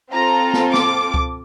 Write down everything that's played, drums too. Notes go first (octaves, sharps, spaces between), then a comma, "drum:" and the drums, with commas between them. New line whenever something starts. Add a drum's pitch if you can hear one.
C4 F4 A4 A#5
drum: snare
D6, drum: snare
drum: kick C#2